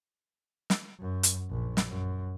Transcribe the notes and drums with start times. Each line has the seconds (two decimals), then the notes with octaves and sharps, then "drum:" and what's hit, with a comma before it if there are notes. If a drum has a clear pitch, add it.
0.70 drum: snare
1.00 F#2
1.23 drum: hi-hat
1.50 A#1
1.77 drum: snare
1.87 F#2